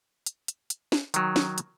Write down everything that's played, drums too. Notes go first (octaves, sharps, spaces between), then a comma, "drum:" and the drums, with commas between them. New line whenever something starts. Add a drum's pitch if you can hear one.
drum: hi-hat
drum: hi-hat
drum: hi-hat
drum: snare
D#3 F#3, drum: hi-hat
drum: snare
drum: hi-hat